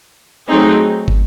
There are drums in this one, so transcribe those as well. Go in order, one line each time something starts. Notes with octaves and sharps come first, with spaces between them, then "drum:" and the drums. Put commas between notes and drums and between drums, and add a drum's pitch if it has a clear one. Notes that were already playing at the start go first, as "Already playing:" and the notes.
F#3 A3 C4 D#4 G#4
drum: kick